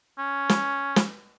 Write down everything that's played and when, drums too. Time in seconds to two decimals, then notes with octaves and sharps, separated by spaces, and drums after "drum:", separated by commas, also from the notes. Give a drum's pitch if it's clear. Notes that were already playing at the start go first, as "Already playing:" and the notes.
0.18 C#4
0.49 drum: snare
0.96 drum: snare